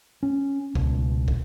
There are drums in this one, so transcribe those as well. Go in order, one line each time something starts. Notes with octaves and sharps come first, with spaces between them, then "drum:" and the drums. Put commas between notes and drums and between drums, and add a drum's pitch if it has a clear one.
C#4
C#2 B2, drum: kick
drum: kick